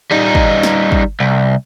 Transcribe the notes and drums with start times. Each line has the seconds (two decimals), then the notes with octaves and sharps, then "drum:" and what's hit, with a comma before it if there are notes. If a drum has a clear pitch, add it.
0.11 G3 D#4
0.35 drum: kick
0.63 drum: snare
0.92 drum: kick
1.20 C2